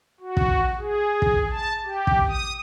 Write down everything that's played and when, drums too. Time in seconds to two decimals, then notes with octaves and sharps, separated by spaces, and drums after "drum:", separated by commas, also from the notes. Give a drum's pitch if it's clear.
0.20 F#4
0.37 drum: kick
0.78 G#4
1.22 drum: kick
1.51 A5
1.84 G4
2.07 drum: kick
2.28 D#6